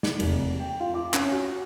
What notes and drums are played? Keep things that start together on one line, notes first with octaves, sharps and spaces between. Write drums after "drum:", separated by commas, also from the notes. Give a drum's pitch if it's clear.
drum: snare
F1, drum: cymbal
G5
F4
D6
C#4, drum: clap
F#4